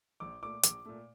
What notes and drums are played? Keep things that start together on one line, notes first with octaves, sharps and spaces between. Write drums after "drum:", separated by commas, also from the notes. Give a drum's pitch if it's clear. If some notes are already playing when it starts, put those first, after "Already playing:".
A#1 D6
A#2 A3 D6
A#1 D6, drum: hi-hat
A#2 A3